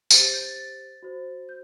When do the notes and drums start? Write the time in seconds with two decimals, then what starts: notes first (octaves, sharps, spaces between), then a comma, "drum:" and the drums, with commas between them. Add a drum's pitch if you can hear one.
0.10 G4 C5 A6, drum: tambourine
0.22 A6
0.33 G6
0.45 A6
0.56 A6
1.03 F#4 C5
1.49 G6